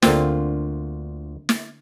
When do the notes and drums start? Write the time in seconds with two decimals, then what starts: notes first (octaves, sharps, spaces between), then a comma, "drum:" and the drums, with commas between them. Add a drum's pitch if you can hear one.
0.02 D2 D3 A#3 C4 F4, drum: snare
1.49 drum: snare